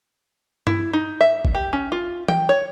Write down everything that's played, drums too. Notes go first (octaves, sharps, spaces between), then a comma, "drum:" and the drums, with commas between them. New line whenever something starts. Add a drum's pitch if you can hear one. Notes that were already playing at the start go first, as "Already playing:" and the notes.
E4, drum: tom G2
D#4
E5
drum: kick F#1
G4
C#4
F4
G5, drum: tom E3
C#5